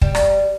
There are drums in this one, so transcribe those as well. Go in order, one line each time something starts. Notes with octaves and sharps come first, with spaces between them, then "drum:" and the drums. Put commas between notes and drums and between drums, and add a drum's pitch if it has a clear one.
G3, drum: kick
drum: rim click